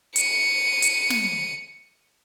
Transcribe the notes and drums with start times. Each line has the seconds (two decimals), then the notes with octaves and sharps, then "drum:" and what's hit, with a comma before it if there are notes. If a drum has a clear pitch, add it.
0.16 C#7 D#7, drum: hi-hat
0.82 drum: hi-hat
1.10 drum: snare